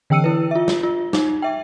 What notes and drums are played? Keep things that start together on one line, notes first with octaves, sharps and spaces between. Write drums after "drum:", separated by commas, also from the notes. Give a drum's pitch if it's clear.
D3 E3 G5 E6 C#7 D#7
E4 B4
F4 E5
drum: snare
F4
D#4, drum: snare
E5 G5